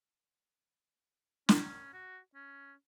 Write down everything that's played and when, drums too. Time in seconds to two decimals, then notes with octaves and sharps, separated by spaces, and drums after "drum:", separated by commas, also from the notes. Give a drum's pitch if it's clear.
1.49 C#4, drum: snare
1.93 F#4
2.35 C#4